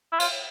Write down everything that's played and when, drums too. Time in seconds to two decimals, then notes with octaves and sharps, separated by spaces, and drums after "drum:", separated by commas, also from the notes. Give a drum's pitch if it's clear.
0.12 E4
0.20 F4, drum: cymbal